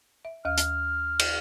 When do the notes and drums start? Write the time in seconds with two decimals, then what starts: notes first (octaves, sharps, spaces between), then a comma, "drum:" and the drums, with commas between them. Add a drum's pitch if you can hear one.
0.25 E5
0.45 D#2 F5 F6
0.57 drum: hi-hat
1.19 drum: cymbal